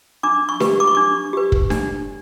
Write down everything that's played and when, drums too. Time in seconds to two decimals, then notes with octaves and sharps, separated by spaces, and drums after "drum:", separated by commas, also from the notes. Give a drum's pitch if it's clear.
0.23 D4 D6
0.49 C#6
0.60 G4 B4, drum: snare D4
0.80 D6
0.87 C#6
0.95 D4 D6
1.33 G4 B4
1.52 drum: kick
1.70 D4, drum: snare D4